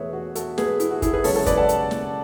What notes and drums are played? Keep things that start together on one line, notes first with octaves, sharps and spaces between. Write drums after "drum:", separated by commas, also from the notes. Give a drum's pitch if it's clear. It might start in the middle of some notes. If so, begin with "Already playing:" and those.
Already playing: E2 B2 A3 G#4 B4 C#5 E5
F#4
F#4 A4, drum: hi-hat
G#4 B4, drum: snare
E4, drum: hi-hat
F#4
E4 G#4, drum: kick, hi-hat
G#4 B4
F#2 C#3 G#3 A4 C#5, drum: open hi-hat
A4 C#5
B4 D5, drum: kick, hi-hat
F#5 A5
drum: hi-hat
drum: snare